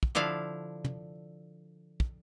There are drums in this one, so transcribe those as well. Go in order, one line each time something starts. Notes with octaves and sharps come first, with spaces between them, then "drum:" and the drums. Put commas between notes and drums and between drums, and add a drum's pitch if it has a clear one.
drum: kick
D3 F3 D4 E4 F5
drum: tom
drum: kick